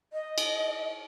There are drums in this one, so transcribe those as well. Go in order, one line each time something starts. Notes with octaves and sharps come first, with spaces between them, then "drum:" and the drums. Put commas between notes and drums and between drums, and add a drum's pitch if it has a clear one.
D#5
drum: cymbal